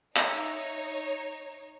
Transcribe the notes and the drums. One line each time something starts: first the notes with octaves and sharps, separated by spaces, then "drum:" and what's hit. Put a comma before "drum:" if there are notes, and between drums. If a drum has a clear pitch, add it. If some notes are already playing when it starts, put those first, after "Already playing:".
D#4 C#5 E5 A#5, drum: clap